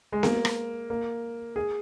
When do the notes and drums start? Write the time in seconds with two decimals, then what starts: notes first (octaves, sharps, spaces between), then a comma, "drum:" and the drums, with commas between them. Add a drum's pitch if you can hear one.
0.12 G#3
0.23 A#3, drum: snare
0.45 drum: rim click
0.90 A#3
1.56 G#4